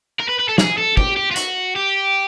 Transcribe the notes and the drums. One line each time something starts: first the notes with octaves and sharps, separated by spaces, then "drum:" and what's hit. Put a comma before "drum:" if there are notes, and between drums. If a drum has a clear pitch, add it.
A#4
B4
B4
A4
G#4, drum: snare
A4
G4, drum: kick
G4
F4
F#4, drum: hi-hat
G4